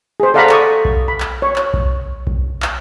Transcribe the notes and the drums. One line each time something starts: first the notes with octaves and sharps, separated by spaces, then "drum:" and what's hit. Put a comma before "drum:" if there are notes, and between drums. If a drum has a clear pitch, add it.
G#4 C5
A4 D5 F5 F#5 A#5 B5
D5 C#6 D#6, drum: clap
drum: kick B1
B5
drum: clap
C#5
drum: clap
drum: kick B1
drum: kick B1
drum: clap